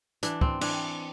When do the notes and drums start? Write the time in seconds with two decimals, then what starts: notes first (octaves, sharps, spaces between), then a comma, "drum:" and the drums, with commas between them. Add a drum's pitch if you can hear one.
0.23 E3 D4, drum: hi-hat
0.41 C4, drum: kick
0.61 E3 D4, drum: cymbal